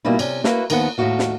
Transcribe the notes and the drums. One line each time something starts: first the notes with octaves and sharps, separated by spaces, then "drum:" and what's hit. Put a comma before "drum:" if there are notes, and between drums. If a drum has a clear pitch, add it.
B2 G3 A#3 D#4 E4
C3 C#4, drum: cymbal
A#3 E4 F#4 B4, drum: snare
D#2 D#3 F3 B3 D#5 F#5, drum: cymbal
D#2 A2 D#3 D#4 F#4 F5
drum: snare